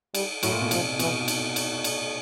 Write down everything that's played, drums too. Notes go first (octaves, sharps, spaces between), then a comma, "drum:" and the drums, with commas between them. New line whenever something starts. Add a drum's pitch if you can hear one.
G3, drum: cymbal
A2 F#3, drum: cymbal
A#2
B2
C3 F3, drum: cymbal
B2 E3, drum: cymbal
drum: cymbal
drum: cymbal
drum: cymbal